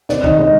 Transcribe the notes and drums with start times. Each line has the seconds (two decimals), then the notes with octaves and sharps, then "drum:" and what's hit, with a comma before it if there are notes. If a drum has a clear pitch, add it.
0.09 C4 D5, drum: snare
0.24 D#3 D#5, drum: kick
0.39 G#3 D#5